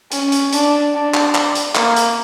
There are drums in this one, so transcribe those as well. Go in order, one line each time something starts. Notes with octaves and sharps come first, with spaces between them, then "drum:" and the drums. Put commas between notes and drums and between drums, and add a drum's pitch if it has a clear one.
C#4, drum: hi-hat
drum: hi-hat
D4, drum: hi-hat
D4
drum: clap
drum: clap
drum: hi-hat
A#3, drum: clap
drum: hi-hat